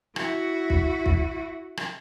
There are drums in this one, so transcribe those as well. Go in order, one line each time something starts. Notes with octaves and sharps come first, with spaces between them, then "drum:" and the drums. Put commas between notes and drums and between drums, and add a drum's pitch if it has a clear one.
E4 F#4, drum: rim click
drum: kick
drum: kick
drum: rim click